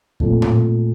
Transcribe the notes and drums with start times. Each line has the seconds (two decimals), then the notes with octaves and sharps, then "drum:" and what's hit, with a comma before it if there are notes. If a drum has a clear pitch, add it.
0.20 A#2 A3 C4, drum: kick F2
0.42 drum: tom A2